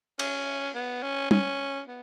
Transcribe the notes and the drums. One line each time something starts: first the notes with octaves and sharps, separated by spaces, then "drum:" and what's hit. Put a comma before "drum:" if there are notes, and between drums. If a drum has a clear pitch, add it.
C#4, drum: cymbal
B3
C#4
C#4, drum: tom
B3